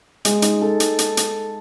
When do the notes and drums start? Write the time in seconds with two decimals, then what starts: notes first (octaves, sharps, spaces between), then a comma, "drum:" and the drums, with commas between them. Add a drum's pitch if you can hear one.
0.25 G#3, drum: hi-hat
0.42 D#4, drum: hi-hat
0.62 A4
0.80 drum: hi-hat
0.99 drum: hi-hat
1.17 drum: hi-hat